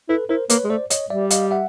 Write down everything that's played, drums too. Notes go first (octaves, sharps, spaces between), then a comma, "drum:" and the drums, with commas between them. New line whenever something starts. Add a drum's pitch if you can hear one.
E4 A4 B4
E4 A#4 C5
A#3 B4 C#5, drum: hi-hat
G#3
A3 C5 D5
C#5 D#5, drum: hi-hat
G3 D5 E5
D#5 F5, drum: hi-hat
E5 F#5